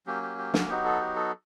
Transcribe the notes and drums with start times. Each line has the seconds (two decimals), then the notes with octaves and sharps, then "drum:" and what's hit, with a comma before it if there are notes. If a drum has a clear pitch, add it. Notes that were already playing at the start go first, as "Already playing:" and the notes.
0.06 F#3 A#3 C#4 G4
0.22 G4
0.38 G4
0.54 F#4, drum: snare
0.69 F#3 B3 D#4 F#4 G4
0.85 A4
1.00 G4
1.16 A4